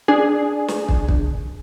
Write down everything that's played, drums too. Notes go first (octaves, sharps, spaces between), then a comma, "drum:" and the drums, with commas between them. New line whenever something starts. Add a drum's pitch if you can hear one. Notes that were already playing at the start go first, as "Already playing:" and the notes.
D4 G#4
drum: snare
drum: kick
drum: kick